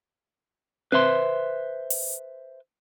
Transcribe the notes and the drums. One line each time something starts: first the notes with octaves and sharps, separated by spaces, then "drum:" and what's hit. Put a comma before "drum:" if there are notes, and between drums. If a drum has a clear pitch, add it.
B4 C5 E5 C6, drum: tom C4
drum: open hi-hat